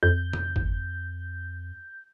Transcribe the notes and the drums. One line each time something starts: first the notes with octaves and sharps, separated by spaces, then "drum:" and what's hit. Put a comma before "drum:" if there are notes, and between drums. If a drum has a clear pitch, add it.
F2 G6
drum: tom
drum: kick G1